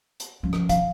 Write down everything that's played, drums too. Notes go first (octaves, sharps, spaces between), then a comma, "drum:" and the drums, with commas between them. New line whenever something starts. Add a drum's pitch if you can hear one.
drum: hi-hat
F3 C#4
drum: rim click
F5, drum: kick, hi-hat